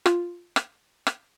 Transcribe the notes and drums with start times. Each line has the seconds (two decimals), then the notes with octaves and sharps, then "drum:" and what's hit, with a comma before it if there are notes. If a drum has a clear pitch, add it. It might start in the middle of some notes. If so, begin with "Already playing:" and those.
0.06 F4, drum: rim click
0.56 drum: rim click
1.07 drum: rim click